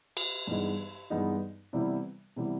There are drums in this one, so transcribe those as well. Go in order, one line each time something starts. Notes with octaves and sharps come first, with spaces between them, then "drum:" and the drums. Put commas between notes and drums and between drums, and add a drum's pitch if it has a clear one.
drum: cymbal
G2 E3 G#3 B3 D#4
G2 E3 G#3 B3 D#4
C3 E3 G3 B3 E4
C3 E3 G3 B3 E4